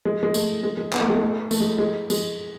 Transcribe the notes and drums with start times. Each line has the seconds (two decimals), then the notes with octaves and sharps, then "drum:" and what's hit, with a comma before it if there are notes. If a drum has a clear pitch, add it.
0.05 G#3
0.23 G#3
0.34 A3, drum: tambourine
0.63 G#3
0.77 G#3
0.93 B3, drum: clap
1.01 A3
1.08 G#3
1.15 A3
1.51 A3, drum: tambourine
1.60 G#3
1.78 G#3
2.10 G#3, drum: tambourine